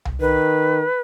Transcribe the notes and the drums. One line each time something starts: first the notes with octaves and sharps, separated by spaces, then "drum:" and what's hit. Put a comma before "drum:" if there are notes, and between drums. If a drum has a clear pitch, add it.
drum: tom C2
D#3 B4